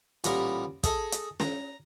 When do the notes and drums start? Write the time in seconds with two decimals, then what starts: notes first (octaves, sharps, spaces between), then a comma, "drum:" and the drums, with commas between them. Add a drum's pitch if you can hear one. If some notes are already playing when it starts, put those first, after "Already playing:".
0.24 A1 A#2 G3 B3 A#4 B5, drum: hi-hat
0.83 G#4 A4 D#5, drum: kick, hi-hat
1.12 drum: hi-hat
1.40 A#5, drum: snare